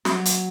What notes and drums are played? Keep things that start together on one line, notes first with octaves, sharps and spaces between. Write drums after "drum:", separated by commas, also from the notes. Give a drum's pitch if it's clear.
F#3, drum: snare
drum: hi-hat